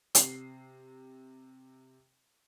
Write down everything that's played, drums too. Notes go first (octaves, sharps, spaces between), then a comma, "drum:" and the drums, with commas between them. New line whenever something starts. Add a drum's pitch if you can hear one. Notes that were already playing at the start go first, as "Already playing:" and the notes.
C3 C7, drum: hi-hat